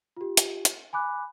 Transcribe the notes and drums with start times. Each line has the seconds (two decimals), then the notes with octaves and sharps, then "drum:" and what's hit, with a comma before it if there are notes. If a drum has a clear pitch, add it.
0.17 F4 G4
0.37 drum: hi-hat
0.65 drum: hi-hat
0.93 G#5 B5 D6 F#6